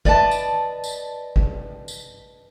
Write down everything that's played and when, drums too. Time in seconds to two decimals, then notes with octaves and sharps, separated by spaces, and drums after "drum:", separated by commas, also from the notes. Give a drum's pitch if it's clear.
0.05 B4 D5 D#5 F#5 A5, drum: kick
0.31 drum: tambourine
0.84 drum: tambourine
1.36 drum: kick
1.88 drum: tambourine